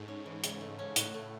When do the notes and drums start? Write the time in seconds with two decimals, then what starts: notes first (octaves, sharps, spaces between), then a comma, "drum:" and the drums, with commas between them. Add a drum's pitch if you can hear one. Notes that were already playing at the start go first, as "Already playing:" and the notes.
Already playing: G#2 A3
0.08 C#4
0.26 E3
0.44 C#3, drum: hi-hat
0.61 A3
0.79 C#4
0.96 A2 F#4, drum: hi-hat
1.14 A3